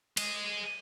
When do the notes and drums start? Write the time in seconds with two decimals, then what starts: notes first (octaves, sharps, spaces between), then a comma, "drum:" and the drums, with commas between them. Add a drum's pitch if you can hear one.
0.17 G#4 D#5, drum: cymbal